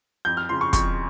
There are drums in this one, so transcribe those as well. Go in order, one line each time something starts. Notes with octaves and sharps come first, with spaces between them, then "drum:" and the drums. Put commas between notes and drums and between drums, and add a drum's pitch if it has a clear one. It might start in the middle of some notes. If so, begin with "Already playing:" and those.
F2 G6
F6
C#3 F3 C6
C#6
F2 C#6, drum: kick, hi-hat